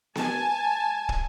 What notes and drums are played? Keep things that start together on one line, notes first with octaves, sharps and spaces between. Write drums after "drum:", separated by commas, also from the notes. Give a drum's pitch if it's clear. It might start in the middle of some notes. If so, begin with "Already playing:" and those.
G#5 A5, drum: snare B3
drum: kick